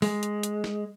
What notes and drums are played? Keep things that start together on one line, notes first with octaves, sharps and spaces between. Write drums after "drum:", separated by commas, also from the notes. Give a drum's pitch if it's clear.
G#3, drum: open hi-hat
drum: hi-hat
drum: hi-hat
drum: snare